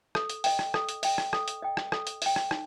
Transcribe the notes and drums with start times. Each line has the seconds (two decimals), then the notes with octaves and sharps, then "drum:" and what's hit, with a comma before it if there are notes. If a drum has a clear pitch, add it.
0.15 A4, drum: rim click
0.30 drum: hi-hat
0.44 D#5 G5, drum: open hi-hat
0.59 drum: rim click
0.74 A4, drum: rim click
0.89 drum: hi-hat
1.03 D#5 G5, drum: open hi-hat
1.18 drum: rim click
1.33 A4, drum: rim click
1.48 drum: hi-hat
1.62 D#5 G5
1.77 drum: rim click
1.92 A4, drum: rim click
2.07 drum: hi-hat
2.22 D#5 G5, drum: open hi-hat
2.36 drum: rim click
2.51 D#4, drum: rim click